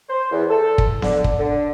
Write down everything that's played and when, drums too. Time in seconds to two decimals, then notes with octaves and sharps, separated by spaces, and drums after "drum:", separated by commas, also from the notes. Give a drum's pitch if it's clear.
0.09 C5
0.31 E2
0.49 A4
0.78 drum: kick
1.02 D3, drum: snare B3
1.24 drum: kick
1.38 D3